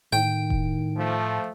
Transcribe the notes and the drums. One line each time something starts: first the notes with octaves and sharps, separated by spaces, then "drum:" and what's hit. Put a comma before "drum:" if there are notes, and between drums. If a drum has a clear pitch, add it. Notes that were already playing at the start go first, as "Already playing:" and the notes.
A2 D#3 G5
drum: kick E1
F3 A3